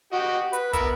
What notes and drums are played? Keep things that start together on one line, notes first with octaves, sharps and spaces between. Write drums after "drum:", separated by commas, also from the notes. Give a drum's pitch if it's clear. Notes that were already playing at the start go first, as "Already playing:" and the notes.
F#4 G4 D#5
B4, drum: hi-hat
B3 A#4 E5, drum: kick, hi-hat